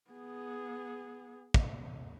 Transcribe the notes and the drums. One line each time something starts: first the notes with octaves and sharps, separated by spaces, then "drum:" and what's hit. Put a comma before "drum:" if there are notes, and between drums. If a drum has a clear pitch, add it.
B3 G#4
drum: kick